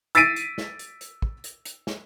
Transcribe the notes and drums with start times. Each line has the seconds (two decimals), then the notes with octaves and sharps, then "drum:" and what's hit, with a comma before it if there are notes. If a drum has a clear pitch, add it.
0.15 E6 A6 B6 C7 D7 D#7, drum: hi-hat
0.36 drum: hi-hat
0.58 drum: snare
0.79 drum: hi-hat
1.01 drum: hi-hat
1.22 drum: kick
1.44 drum: hi-hat
1.65 drum: hi-hat
1.87 drum: snare